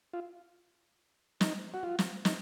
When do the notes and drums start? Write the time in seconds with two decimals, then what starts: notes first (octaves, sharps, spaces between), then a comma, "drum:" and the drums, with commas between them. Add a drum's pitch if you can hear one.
0.13 F4
1.41 D#4, drum: snare
1.74 F#4
1.83 F4
1.99 drum: snare
2.25 D#4, drum: snare